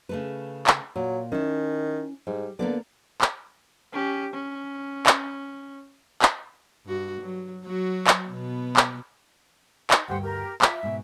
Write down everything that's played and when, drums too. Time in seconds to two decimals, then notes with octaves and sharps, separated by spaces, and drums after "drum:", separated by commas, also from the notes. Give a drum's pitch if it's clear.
0.09 C#3 A3 B4
0.67 drum: clap
0.96 A#2 F#3
1.32 D#3 C#4 E4
2.27 G#2 G3
2.59 D3 A#3 B3 D5
3.21 drum: clap
3.92 C#4 G4
4.33 C#4
5.06 drum: clap
6.22 drum: clap
6.86 G2 F#4
7.21 F#3
7.66 F#3 F#4
8.07 drum: clap
8.29 B2 B3
8.77 drum: clap
9.91 D#4, drum: clap
10.08 D2 G2 G4 C5 F#5 G5
10.22 G4 A#4
10.62 F4 E5, drum: clap
10.83 G#2 B2